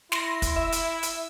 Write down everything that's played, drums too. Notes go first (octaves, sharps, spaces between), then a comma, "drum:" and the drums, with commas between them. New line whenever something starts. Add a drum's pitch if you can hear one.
E4 C6 A#6, drum: snare
drum: kick, hi-hat
E5
drum: hi-hat
drum: hi-hat